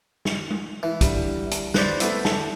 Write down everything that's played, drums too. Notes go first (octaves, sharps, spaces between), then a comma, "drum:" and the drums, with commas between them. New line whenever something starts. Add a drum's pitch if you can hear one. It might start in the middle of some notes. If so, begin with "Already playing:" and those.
drum: snare
drum: tom G#3
E3
D3 G3, drum: kick, hi-hat
drum: hi-hat
B4 C5 D5, drum: snare
A3 B3 E4, drum: hi-hat
A4, drum: snare